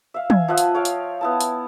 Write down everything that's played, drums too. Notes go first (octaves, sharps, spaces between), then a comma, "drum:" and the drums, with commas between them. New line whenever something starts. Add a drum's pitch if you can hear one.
E5 F5
G#5, drum: tom
F3 E5 F#5 D#6
drum: hi-hat
C#5 F5 G5
drum: hi-hat
B3 E4 A5
drum: hi-hat